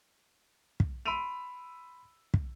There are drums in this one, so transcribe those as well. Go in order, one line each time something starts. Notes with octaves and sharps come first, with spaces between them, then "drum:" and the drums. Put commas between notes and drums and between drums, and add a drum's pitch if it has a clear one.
drum: kick
B5 C6 E6 D7 D#7 F7
drum: kick